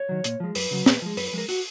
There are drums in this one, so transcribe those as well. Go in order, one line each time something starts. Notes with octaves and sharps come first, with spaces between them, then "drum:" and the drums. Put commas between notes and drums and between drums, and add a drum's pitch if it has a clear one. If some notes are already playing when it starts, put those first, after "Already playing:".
Already playing: C#5
D#3 F#3
A#2, drum: hi-hat
F3 G#3
F#2 B4, drum: open hi-hat
C#3 F#3
A#2, drum: snare
F3 G#3
F#2 B4, drum: open hi-hat
B4
F3 G#3 A#4
F#4, drum: open hi-hat